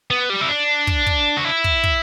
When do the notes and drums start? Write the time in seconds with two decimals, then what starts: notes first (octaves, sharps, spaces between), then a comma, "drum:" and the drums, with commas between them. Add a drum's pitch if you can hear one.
0.10 B3
0.30 G3
0.41 E4
0.49 D4
0.87 drum: kick
1.07 drum: kick
1.37 F#4
1.45 E4
1.64 drum: kick
1.84 drum: kick